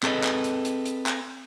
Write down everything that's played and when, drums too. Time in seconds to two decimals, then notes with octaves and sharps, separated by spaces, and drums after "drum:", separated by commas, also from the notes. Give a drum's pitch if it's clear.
0.03 C4 G#4 A4 B4 D#5, drum: clap
0.23 drum: clap
0.44 drum: hi-hat
0.65 drum: hi-hat
0.86 drum: hi-hat
1.06 drum: clap